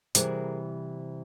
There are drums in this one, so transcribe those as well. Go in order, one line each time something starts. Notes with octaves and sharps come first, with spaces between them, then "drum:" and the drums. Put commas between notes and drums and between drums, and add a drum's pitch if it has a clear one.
C3 E3 G3 G#4 A#4, drum: hi-hat